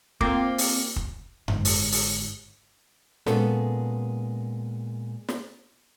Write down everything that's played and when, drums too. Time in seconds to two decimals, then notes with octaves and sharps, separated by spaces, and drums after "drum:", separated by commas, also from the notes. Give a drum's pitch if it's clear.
0.21 A#3 C4 F4 G5 D6, drum: kick
0.58 drum: open hi-hat
0.96 drum: kick
1.48 G1 G#2, drum: tom F#2
1.65 drum: open hi-hat
1.92 drum: open hi-hat
3.26 A#2 G#3 B3 C#4 A4, drum: snare
5.28 drum: snare